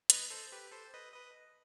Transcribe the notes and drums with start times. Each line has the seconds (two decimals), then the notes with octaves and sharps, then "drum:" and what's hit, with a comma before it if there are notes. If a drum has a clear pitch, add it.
0.10 B4 D#5, drum: hi-hat
0.30 A4 C5
0.52 G4 B4
0.72 A4 C5
0.94 B4 D#5
1.14 B4 D#5